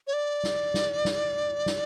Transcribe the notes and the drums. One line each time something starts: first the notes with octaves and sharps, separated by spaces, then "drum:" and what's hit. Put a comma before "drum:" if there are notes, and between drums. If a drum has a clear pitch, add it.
C#5
D5
drum: snare
drum: snare
drum: snare
drum: snare